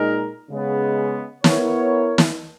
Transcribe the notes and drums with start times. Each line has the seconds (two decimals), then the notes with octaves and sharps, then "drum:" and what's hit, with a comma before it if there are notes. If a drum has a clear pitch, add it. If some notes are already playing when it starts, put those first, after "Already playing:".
Already playing: A#2 G#3 D#4 A#4
0.50 C#3 G#3 B3
1.44 B3 E4 A#4 C#5, drum: snare
2.18 drum: snare